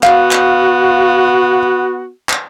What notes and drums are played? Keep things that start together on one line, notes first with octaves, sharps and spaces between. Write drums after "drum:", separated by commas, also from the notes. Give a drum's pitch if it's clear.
B3 F#4 F5, drum: clap
drum: clap
drum: clap